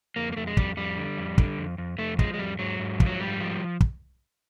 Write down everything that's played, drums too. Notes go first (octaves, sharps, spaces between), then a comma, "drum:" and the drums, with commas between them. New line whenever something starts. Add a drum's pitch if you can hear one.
F2 A#3
A#3
F2 A3
G#3
F2 G3, drum: kick
F2 G3
D3
F2
D3, drum: kick
F2
F2
F2 A3
F3 G#3, drum: kick
G#3
F2 G3
G#2 F#3
G#2
F3, drum: kick
F#3
G#2 G3
F3
drum: kick